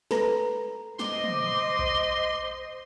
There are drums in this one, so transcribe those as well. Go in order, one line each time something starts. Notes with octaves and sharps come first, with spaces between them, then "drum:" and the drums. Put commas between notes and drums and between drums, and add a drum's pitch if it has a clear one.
A4 B4 A#5, drum: snare
C5 D#5 C6 D6, drum: snare
drum: tom
drum: kick A#1